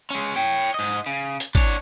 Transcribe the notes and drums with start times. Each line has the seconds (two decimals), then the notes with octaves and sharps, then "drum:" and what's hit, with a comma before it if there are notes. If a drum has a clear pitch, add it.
0.11 G#3 C#4
0.36 C#5 G5
0.74 G#2 D#5
1.06 C#3
1.40 drum: hi-hat
1.55 D4 C#5, drum: kick